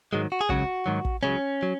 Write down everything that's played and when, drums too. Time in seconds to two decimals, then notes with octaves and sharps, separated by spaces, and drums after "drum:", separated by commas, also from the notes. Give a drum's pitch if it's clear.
0.13 G#2 D#3 F#3 G#3
0.32 F#4
0.41 G#4
0.49 C#2 C#3 F#3 F#4, drum: kick
0.86 G#2 D#3 F#3
1.05 drum: kick
1.23 C#2 C#3 F#3 C#4
1.63 F#3